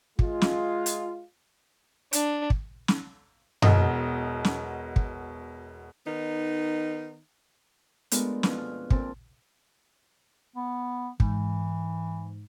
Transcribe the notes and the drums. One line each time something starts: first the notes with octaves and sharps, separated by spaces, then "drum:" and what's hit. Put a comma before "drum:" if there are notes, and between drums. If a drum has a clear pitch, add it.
G#3 F4, drum: kick
drum: snare
drum: hi-hat
D4, drum: hi-hat
drum: kick
drum: snare
E1 B2 D#5, drum: tom F#2
drum: snare
drum: kick
D#3 B3 D#4
G#3 A3 B3 D4 F4 A#4, drum: hi-hat
F2 B2 F3 F4 F#4, drum: snare
F6
A#2 C4 A5, drum: kick
B3
G#2 E3, drum: kick